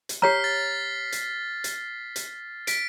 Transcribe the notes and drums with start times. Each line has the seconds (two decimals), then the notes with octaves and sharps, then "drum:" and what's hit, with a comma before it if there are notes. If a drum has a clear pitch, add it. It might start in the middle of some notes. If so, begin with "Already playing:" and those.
0.09 drum: hi-hat
0.22 G4 C#5 A#5 F6 B6 C7
0.44 A6
1.12 drum: hi-hat
1.64 drum: hi-hat
2.16 drum: hi-hat
2.67 B6 D7, drum: hi-hat